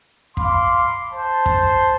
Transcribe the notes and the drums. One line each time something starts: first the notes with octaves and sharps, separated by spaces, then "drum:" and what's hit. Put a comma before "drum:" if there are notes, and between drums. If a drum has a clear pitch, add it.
F5 B5 C6 D6, drum: kick
C5 A5
drum: kick